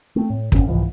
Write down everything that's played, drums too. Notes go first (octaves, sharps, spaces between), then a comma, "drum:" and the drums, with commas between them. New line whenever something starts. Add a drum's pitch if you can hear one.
A3 C4
A2
D#1 G#1 D#2 C#4, drum: kick
C2 G#2 E3 F3